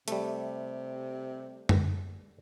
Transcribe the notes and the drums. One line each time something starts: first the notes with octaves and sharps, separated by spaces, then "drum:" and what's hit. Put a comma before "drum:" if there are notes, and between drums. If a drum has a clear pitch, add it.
C3 G3 A3, drum: hi-hat
drum: tom F#2